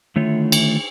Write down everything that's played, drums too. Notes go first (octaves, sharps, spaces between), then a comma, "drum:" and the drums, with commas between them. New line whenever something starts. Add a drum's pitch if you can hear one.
D3 D#3 A3 E4 F4 C#5
drum: cymbal